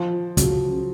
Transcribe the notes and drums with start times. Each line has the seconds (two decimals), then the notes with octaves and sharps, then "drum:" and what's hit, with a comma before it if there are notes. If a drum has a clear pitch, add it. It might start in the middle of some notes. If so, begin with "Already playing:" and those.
Already playing: F3
0.37 C#3 F#3, drum: kick, hi-hat